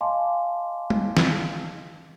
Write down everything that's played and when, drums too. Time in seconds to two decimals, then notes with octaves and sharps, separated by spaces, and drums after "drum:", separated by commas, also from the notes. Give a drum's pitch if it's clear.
0.01 D#5 F5 G#5 A5 C6 D6
0.90 drum: tom
1.17 drum: snare